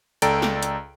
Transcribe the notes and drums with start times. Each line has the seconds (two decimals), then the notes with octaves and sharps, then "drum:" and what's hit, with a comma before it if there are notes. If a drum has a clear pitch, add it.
0.22 C#2 A4 D5 G5 A#5 D7, drum: hi-hat
0.42 drum: snare
0.63 drum: hi-hat